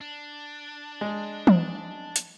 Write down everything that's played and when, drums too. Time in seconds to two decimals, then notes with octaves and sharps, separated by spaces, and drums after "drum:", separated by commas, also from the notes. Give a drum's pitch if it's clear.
0.01 D4
1.01 G#3
1.47 drum: tom E3
2.16 drum: hi-hat